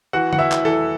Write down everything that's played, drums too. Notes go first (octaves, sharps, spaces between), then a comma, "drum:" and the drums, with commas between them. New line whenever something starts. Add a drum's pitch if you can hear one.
E3 F#4 F#5
F#5, drum: tom D3
E3 E4 E5
drum: clap
E3 A4